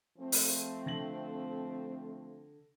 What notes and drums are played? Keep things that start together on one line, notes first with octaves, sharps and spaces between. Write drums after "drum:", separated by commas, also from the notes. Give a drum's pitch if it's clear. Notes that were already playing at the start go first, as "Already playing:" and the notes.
F3 A3 C4
drum: open hi-hat
D3 A#6 F#7